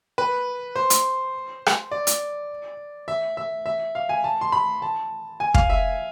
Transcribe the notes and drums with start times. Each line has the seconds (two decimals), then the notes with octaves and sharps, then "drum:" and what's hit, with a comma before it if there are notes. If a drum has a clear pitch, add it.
0.18 B4
0.76 C5
0.90 drum: hi-hat
1.66 drum: rim click
1.91 D5
2.07 drum: hi-hat
3.08 E5
3.37 E5
3.66 E5
3.95 F5
4.09 G#5
4.24 A5
4.41 C6
4.52 B5
4.82 A5
5.40 G#5
5.54 F5, drum: kick
5.70 E5